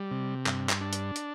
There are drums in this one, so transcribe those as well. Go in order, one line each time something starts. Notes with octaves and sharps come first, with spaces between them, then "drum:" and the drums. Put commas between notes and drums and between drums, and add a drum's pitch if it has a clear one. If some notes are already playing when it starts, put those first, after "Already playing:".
Already playing: G3
C3
G2, drum: clap
drum: clap
D4
drum: hi-hat
drum: hi-hat